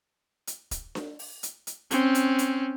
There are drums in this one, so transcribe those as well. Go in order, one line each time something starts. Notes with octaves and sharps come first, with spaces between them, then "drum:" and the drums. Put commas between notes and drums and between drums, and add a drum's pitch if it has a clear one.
drum: hi-hat
drum: kick, hi-hat
drum: snare D4
drum: open hi-hat
drum: hi-hat
drum: hi-hat
C4 C#4, drum: hi-hat
drum: hi-hat
drum: hi-hat